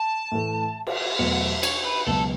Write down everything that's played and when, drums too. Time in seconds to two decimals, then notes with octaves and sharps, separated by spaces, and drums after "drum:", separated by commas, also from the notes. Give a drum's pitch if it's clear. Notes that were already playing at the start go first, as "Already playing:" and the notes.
Already playing: A5
0.32 A2 E3 A3
0.87 drum: cymbal
1.19 E2 B2 F#3 A3 F#5
1.33 F#5
1.41 E5
1.63 C#5, drum: cymbal
1.84 B4
2.07 C#2 B2 F#3 A4